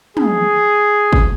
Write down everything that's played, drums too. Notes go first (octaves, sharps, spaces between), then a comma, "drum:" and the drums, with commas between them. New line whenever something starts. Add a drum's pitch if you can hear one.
G#4, drum: tom
drum: kick